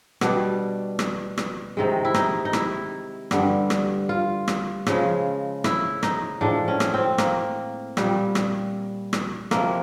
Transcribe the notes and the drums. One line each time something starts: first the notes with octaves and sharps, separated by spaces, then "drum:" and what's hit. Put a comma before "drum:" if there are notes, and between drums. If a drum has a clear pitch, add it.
B2 G3 D4, drum: rim click
drum: rim click
drum: rim click
C3 D#3 G#3
E4
D#4, drum: rim click
D#4
E4, drum: rim click
G2 D3 G3, drum: rim click
drum: rim click
F4
drum: rim click
C#3 F3 G#3, drum: rim click
E4, drum: rim click
D#4, drum: rim click
A2 F3 G#3 D4
C#4
drum: rim click
C4
A#3, drum: rim click
A#2 G3, drum: rim click
drum: rim click
drum: rim click
C3 F3 G#3 A#3, drum: rim click